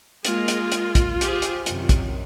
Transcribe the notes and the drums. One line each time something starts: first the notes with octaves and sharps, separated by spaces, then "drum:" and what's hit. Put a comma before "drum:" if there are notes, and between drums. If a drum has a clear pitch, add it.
G#3 A#3 F4, drum: hi-hat
drum: hi-hat
drum: hi-hat
drum: kick, hi-hat
G4 G#4 C5, drum: hi-hat
drum: hi-hat
F#2 C3 D#3, drum: hi-hat
drum: kick, hi-hat